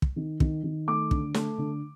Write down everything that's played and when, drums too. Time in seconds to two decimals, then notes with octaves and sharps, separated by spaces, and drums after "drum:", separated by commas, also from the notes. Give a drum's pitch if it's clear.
0.02 drum: kick
0.16 D#3
0.40 D#3, drum: kick
0.63 D#3
0.87 A3 D6
1.11 D3, drum: kick
1.34 A3, drum: snare
1.58 D3